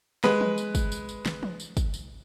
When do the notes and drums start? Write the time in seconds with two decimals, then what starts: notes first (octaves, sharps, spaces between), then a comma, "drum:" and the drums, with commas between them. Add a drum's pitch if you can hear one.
0.24 G#3 B4, drum: snare
0.41 drum: tom
0.58 drum: tambourine
0.75 drum: kick, tambourine
0.92 drum: tambourine
1.09 drum: tambourine
1.26 drum: snare
1.43 drum: tom
1.60 drum: tambourine
1.77 drum: kick, tambourine
1.94 drum: tambourine